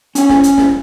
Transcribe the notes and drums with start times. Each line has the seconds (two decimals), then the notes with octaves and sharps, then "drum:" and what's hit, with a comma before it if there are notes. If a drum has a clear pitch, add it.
0.15 C#4 G#5, drum: hi-hat
0.29 drum: snare
0.43 drum: hi-hat
0.58 drum: snare